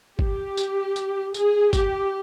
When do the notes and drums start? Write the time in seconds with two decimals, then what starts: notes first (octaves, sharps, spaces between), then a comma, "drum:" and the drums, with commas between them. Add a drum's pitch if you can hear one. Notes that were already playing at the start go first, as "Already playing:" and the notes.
0.19 G4, drum: kick
0.57 drum: tambourine
0.96 drum: tambourine
1.34 G#4, drum: tambourine
1.73 G4, drum: kick, tambourine